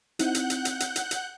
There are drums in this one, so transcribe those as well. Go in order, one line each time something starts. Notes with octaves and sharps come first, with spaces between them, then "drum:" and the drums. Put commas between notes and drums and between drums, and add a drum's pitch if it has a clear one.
C4 D#4 E4 F#5 F#6 G6, drum: hi-hat
drum: hi-hat
drum: hi-hat
drum: hi-hat
drum: hi-hat
drum: hi-hat
drum: hi-hat